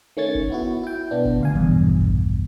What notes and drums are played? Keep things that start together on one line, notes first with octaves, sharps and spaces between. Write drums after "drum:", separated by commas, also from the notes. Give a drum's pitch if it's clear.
D#3 A3 C#4 C#6 G#6 A6
drum: kick F#1
B3 E4 F#4
E4 G5
B2 B3 D4
drum: kick F#1
D2 F5 G#5
A#1 E2 G2 B2, drum: kick F#1
drum: kick F#1